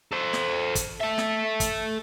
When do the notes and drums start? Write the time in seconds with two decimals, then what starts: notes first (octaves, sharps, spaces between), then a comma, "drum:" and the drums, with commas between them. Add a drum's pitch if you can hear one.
0.12 A4 C5
0.33 drum: snare
0.75 drum: kick, hi-hat
1.01 A4 E5
1.18 drum: snare
1.60 drum: kick, hi-hat